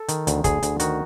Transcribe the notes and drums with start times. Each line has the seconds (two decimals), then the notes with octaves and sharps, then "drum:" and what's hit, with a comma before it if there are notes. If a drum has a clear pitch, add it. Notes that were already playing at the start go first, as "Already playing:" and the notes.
Already playing: A4
0.08 D#3, drum: hi-hat
0.27 D2, drum: hi-hat
0.44 D2 G#4, drum: kick, hi-hat
0.63 D2, drum: hi-hat
0.80 D#3 F#4, drum: hi-hat